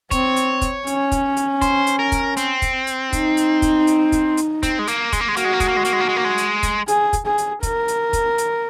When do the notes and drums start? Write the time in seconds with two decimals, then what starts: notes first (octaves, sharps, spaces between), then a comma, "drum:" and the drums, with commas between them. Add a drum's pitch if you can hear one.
0.11 C4 C#5, drum: kick, hi-hat
0.36 drum: hi-hat
0.62 drum: kick, hi-hat
0.87 C#4, drum: hi-hat
1.12 drum: kick, hi-hat
1.37 drum: hi-hat
1.62 C5, drum: kick, hi-hat
1.87 drum: hi-hat
1.99 A#4
2.12 drum: kick, hi-hat
2.37 C4, drum: hi-hat
2.62 drum: kick, hi-hat
2.87 drum: hi-hat
3.13 D#4, drum: kick, hi-hat
3.37 drum: hi-hat
3.62 drum: kick, hi-hat
3.87 drum: hi-hat
4.12 drum: kick, hi-hat
4.37 drum: hi-hat
4.63 C4, drum: kick, hi-hat
4.79 G#3
4.87 A#3, drum: hi-hat
5.13 G#3, drum: kick, hi-hat
5.20 A#3
5.28 G#3
5.37 A#3 F#4, drum: hi-hat
5.45 G#3
5.53 A#3
5.60 G#3, drum: kick, hi-hat
5.68 A#3
5.77 G#3
5.85 A#3, drum: hi-hat
5.93 G#3
6.01 A#3
6.09 G#3
6.16 A#3
6.25 G#3
6.38 drum: hi-hat
6.63 drum: kick, hi-hat
6.88 G#4, drum: hi-hat
7.13 drum: kick, hi-hat
7.26 G#4
7.38 drum: hi-hat
7.63 A#4, drum: kick, hi-hat
7.88 drum: hi-hat
8.13 drum: kick, hi-hat
8.38 drum: hi-hat